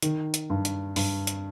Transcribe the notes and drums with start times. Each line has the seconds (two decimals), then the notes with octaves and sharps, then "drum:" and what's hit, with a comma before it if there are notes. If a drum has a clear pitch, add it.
0.02 D#3, drum: hi-hat
0.34 drum: hi-hat
0.50 G2
0.65 drum: hi-hat
0.96 G2, drum: open hi-hat
1.27 drum: hi-hat